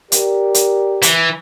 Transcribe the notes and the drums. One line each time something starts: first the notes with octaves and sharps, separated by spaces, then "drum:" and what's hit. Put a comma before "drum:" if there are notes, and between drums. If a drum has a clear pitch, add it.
G4 A#4 D5, drum: hi-hat
drum: hi-hat
E3, drum: hi-hat